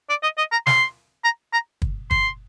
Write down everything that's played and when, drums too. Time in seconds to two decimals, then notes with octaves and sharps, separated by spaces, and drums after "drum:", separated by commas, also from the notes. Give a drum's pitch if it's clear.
0.10 D5
0.23 D#5
0.38 D#5
0.52 A#5
0.67 C6, drum: snare
1.24 A#5
1.53 A#5
1.82 drum: kick
2.11 C6, drum: kick